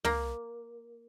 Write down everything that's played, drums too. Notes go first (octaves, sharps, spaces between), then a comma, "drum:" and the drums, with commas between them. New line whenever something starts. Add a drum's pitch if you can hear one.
A#3, drum: tom